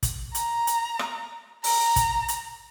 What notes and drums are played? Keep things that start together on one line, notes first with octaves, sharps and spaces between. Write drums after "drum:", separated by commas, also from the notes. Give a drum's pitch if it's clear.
drum: kick, hi-hat
A#5, drum: hi-hat
drum: hi-hat
drum: rim click
A#5, drum: open hi-hat
drum: kick, hi-hat
drum: hi-hat